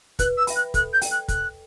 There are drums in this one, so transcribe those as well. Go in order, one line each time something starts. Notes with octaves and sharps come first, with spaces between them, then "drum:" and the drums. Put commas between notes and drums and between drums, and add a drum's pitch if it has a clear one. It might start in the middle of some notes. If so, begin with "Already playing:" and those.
B4 F#6, drum: kick, hi-hat
E6
E5 G5 B5, drum: open hi-hat
F#6
A4 F#6, drum: kick, hi-hat
G6
D5 G5, drum: open hi-hat
F#6
A4 F#6, drum: kick, hi-hat